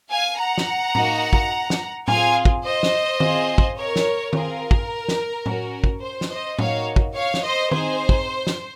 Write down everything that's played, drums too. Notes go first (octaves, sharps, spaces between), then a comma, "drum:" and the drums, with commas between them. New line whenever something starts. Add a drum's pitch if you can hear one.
F5 G#5
F#5 A#5
drum: snare
A#3 D#4 F#4, drum: tom A2
drum: kick
drum: snare
C4 F4 G#4 F5 G#5, drum: tom A2
drum: kick
C5 D#5
drum: snare
C4 F4 G#4, drum: tom D#3
drum: kick
A#4 C#5
drum: snare
C4 F4 G#4 A#4, drum: tom D#3
drum: kick
drum: snare
C#4 F#4, drum: tom A2
drum: kick
C5
drum: snare
C5 D#5
A#3 D#4 F#4 C#5 F5, drum: tom A2
drum: kick
C#5 F5
drum: snare
C5 D#5
C4 D#4 G#4 C5, drum: tom D#3
drum: kick
drum: snare